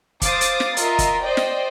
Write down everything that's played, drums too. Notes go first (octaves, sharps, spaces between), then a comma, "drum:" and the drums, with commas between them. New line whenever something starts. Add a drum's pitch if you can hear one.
C5 F5 D6 D#6 A6, drum: kick, hi-hat
drum: hi-hat
drum: snare
F4 A#4 D#5 E5, drum: hi-hat
drum: kick, hi-hat
C5 D5 D#5 G5
drum: snare